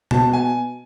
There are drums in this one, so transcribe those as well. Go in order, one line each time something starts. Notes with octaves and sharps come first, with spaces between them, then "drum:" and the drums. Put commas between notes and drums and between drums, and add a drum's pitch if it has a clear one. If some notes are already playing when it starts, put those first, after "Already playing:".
B2 A5, drum: tom B2
G#5